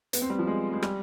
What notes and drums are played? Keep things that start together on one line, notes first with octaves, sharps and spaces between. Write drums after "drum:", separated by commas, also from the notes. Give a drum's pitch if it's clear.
B3, drum: hi-hat
C4
G3
F3
G#3
G#3
G3, drum: rim click